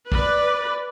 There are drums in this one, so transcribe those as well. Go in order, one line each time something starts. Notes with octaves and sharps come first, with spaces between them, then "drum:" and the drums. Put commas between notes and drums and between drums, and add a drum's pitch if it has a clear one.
B4 D5, drum: kick